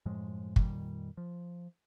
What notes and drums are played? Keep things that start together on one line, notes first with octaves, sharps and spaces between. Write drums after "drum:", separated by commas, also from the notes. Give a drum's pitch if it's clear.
F#2 A2 F3 G#3
F2 A#2 D#3 G3, drum: kick
F3